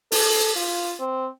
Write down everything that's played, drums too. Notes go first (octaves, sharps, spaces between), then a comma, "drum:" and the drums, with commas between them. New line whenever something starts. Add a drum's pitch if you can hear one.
A4, drum: open hi-hat
F4
C4